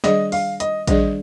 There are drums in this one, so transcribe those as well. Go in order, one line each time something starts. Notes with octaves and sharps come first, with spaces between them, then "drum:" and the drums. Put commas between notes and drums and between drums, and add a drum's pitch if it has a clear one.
D#3 G3 D4 G#4 D5 D#5, drum: snare
F5, drum: open hi-hat
D#5, drum: hi-hat
D#3 G3 D4 G#4 D5 D#5, drum: kick A1, hi-hat